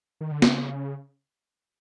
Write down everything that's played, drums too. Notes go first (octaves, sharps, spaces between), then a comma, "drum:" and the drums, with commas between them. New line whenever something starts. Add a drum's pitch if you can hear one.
D#3
D3
C#3, drum: snare